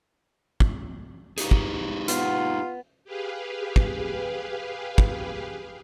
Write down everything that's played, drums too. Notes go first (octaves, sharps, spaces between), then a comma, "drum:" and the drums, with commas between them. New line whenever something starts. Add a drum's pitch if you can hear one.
drum: kick
D#4 G4 G#4, drum: hi-hat
drum: kick
B3 F4, drum: hi-hat
G4 G#4 B4 F5
drum: kick
drum: kick